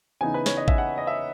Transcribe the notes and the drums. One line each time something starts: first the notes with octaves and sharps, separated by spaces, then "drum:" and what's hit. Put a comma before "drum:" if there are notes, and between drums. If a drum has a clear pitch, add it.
C#3 E3 B3 D#4 G#5
B4
C#5, drum: snare
D#5
E5, drum: kick
F#5
D#5
E5